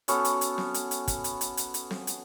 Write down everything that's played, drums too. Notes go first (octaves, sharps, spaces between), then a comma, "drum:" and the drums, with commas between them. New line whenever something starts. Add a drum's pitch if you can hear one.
B3 C#4 F#4 A4, drum: hi-hat
drum: hi-hat
drum: hi-hat
drum: snare C4
drum: hi-hat
drum: hi-hat
drum: kick, hi-hat
drum: hi-hat
drum: hi-hat
drum: hi-hat
drum: hi-hat
drum: snare C4
drum: hi-hat